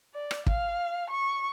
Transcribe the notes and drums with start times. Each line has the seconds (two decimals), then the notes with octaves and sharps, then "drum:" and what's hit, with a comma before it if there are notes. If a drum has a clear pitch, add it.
0.14 D5
0.31 drum: rim click
0.47 F5, drum: kick
1.10 C#6